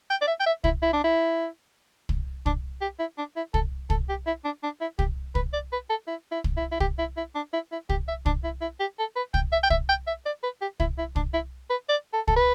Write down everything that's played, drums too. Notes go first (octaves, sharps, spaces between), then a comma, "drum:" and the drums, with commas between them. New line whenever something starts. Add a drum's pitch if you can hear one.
G5
D5
E5
G5
E5
E4, drum: kick
E4
D4
E4
drum: kick
D4, drum: kick
G4
E4
D4
E4
A4, drum: kick
A4, drum: kick
G4
E4
D4
D4
E4
G4, drum: kick
B4, drum: kick
D5
B4
A4
E4
E4
drum: kick
E4
E4
G4, drum: kick
E4
E4
D4
E4
E4
G4, drum: kick
E5
D4, drum: kick
E4
E4
G4
A4
B4
G5, drum: kick
E5
G5
E5, drum: kick
G5
E5
D5
B4
G4
E4, drum: kick
E4
D4, drum: kick
E4
B4
D5
A4
A4, drum: kick
B4